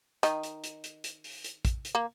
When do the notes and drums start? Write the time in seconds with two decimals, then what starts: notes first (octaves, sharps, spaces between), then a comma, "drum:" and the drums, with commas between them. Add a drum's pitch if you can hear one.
0.23 D#3 D#4, drum: hi-hat
0.43 drum: hi-hat
0.64 drum: hi-hat
0.84 drum: hi-hat
1.04 drum: hi-hat
1.24 drum: open hi-hat
1.44 drum: hi-hat
1.65 drum: kick, hi-hat
1.85 drum: hi-hat
1.95 A#3